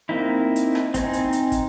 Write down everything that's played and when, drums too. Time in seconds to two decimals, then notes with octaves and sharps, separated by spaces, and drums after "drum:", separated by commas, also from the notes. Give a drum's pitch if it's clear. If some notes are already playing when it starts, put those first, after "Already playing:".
0.09 A#3 C4 D#4 E4
0.56 drum: hi-hat
0.75 drum: rim click
0.94 C4 D#4 G#5, drum: kick, hi-hat
1.13 drum: hi-hat
1.33 drum: hi-hat
1.52 drum: kick, hi-hat